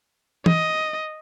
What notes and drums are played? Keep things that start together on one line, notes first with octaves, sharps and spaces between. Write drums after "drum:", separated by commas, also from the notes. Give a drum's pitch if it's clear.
D#5, drum: tom